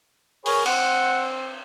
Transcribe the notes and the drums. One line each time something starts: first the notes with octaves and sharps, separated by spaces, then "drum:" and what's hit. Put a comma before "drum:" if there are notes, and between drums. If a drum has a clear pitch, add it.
G#4 A#4 B4 C#5, drum: open hi-hat
C4 F#5, drum: cymbal